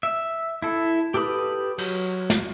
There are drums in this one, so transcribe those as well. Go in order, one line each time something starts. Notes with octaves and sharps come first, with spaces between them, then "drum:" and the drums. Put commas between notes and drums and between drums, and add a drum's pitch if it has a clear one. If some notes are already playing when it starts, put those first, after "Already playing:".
E5
E4 A4
G4 A4 B4 B5 D#6
F#3, drum: cymbal
drum: snare